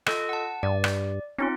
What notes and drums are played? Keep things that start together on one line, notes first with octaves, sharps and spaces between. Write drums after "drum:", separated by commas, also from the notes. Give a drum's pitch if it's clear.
F4 A4 D#5, drum: rim click
F#5 A5
G2 D5
drum: rim click
C4 C#4 D#4 F4